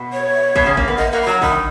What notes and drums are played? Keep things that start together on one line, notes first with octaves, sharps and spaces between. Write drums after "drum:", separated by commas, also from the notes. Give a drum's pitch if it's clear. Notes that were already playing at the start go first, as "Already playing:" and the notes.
Already playing: B2
C#5
B2, drum: kick
C#3
A#3, drum: kick
B3
A#3 D#5
A#3 F#5
B5
F#3 A#5
D#3 B5, drum: kick